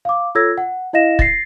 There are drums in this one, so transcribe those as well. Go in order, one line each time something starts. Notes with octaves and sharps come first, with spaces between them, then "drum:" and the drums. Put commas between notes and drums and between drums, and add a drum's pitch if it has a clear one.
F5 D6
F4 A4 C#5 E6 G#6 A#6
F#5
E4 D#5 F5 A#6 E7
A6 A#6 C7, drum: kick